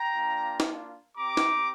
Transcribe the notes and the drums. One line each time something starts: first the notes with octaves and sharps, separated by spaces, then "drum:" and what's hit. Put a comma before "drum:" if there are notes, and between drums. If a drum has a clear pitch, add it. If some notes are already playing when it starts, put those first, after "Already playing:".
Already playing: G5 A#5
A#3 D4 F4
drum: snare
C4 G4 A#5 D6
drum: snare